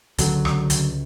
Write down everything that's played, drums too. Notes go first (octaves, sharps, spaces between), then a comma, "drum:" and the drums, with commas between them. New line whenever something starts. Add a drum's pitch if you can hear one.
C#2 D3 F#3, drum: hi-hat
C#2, drum: rim click
C#2, drum: hi-hat